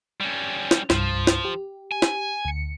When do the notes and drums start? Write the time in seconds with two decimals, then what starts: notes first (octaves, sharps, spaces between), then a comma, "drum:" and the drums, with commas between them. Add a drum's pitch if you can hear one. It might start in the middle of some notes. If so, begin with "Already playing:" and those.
0.20 G3 C#4
0.71 drum: snare
0.90 C2 G2 F3, drum: snare
1.27 drum: snare
1.45 G4
1.92 G#5
2.02 drum: snare
2.45 D2 C#7